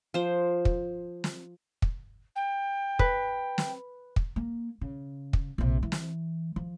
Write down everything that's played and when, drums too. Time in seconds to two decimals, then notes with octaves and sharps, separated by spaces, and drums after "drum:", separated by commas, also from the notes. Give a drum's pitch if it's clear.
0.14 F3 C5
0.65 drum: kick
1.24 drum: snare
1.82 drum: kick
2.36 G5
2.99 B4, drum: kick
3.58 drum: snare
4.16 drum: kick
4.36 A#3
4.81 C#3
5.33 drum: kick
5.58 A#1 C3
5.83 E3
5.92 drum: snare
6.56 F3